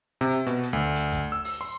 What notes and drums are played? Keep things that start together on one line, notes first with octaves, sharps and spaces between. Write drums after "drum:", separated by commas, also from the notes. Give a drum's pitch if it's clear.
C3
B2, drum: hi-hat
drum: hi-hat
D2
drum: hi-hat
drum: kick, hi-hat
E6
drum: open hi-hat
C6